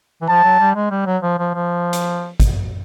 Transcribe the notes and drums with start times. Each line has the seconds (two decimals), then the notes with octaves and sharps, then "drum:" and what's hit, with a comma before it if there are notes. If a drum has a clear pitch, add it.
0.21 E3
0.28 F3 A5
0.44 F#3
0.60 G3
0.75 G#3
0.91 G3
1.06 F#3
1.23 F3
1.39 F3
1.54 F3
1.93 drum: hi-hat
2.40 drum: kick, hi-hat